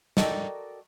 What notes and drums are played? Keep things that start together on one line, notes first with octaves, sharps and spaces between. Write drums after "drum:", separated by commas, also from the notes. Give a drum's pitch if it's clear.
F#4 A4 A#4 D5 D#5 G5, drum: snare